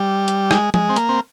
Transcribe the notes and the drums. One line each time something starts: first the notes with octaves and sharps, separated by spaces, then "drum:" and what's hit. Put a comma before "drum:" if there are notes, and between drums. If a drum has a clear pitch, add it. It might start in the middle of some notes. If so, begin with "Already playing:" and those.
Already playing: G3
drum: hi-hat
G#3, drum: rim click
G#3, drum: tom F3
C4
A#3, drum: hi-hat
C4